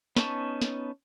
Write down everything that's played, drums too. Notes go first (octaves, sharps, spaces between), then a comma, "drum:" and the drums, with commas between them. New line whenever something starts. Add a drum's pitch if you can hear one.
B3 C#4 D#4 A5 C#6, drum: snare
drum: snare